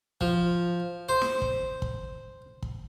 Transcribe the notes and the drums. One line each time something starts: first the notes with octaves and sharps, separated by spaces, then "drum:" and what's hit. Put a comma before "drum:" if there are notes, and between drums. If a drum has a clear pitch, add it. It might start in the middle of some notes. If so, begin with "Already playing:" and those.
F3, drum: kick
C5
drum: snare
drum: kick
drum: kick
drum: kick